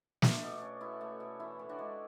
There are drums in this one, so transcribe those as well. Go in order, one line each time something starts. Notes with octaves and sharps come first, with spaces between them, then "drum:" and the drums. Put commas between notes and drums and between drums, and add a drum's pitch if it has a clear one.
A3 D4, drum: snare
B2
C#4
B2 E4
A3
B2
E3 E4
A2
D4 F#4
G#3